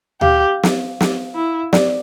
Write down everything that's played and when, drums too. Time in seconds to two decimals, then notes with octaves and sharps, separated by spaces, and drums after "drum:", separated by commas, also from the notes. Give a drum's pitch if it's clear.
0.21 G4 F5, drum: tom D2
0.63 drum: snare
1.01 drum: snare
1.35 E4
1.73 D5, drum: snare